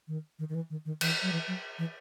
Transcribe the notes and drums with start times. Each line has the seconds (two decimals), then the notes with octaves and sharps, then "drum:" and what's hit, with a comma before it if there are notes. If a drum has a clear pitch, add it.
0.08 D#3
0.39 D#3
0.49 D#3
0.55 E3
0.70 D#3
0.85 D#3
1.01 E3, drum: cymbal
1.22 F#3
1.32 E3
1.48 F#3
1.79 E3